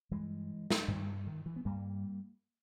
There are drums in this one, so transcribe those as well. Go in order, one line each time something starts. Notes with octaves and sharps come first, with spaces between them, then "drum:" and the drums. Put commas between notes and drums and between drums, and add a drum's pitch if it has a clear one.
G2 E3 G#3
drum: snare
G2 D#3 G3
D#3
E3
B3
G2 G3 A#3